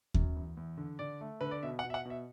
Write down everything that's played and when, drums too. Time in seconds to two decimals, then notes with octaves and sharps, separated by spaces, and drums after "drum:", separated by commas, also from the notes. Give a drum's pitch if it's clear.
0.14 F#2, drum: kick D#2
0.36 E2
0.57 E2
0.78 D3
0.99 D3 D5
1.21 A3
1.41 D3 B4
1.51 D5
1.63 B2 E5
1.79 F#5
1.84 B2
1.90 E5
1.94 F#5
2.05 B2 E5